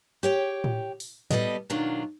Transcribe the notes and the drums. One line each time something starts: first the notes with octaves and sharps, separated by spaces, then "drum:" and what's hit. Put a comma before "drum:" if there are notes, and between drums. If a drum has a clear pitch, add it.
G4 C#5 G5
drum: tom A2
drum: open hi-hat
G3 B3 A4 D#5, drum: tom A2
B2 D#3 F#3 D4 F4